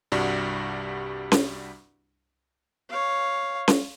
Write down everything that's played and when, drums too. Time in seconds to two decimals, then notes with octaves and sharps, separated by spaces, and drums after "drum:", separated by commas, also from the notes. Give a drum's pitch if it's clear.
0.12 C2 G2 G3 D4 F#4
1.32 drum: snare C#4
2.89 C#5 F5
3.68 drum: snare C#4